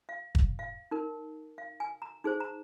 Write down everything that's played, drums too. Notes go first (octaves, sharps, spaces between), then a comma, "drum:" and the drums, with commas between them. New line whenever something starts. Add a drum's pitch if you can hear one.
F5
drum: kick
F5
D#4 A#4
F5
G#5
A#5
D#4 G#4 C5
A#5